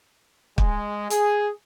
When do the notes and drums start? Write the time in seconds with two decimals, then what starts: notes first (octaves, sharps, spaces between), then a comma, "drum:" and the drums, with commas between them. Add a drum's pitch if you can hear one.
0.58 G#3, drum: kick
1.10 G#4, drum: hi-hat